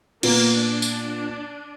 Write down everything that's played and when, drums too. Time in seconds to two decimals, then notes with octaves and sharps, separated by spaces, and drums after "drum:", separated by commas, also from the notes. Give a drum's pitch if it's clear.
0.23 A#2 A#3 B3, drum: cymbal
0.57 D4
0.82 drum: tambourine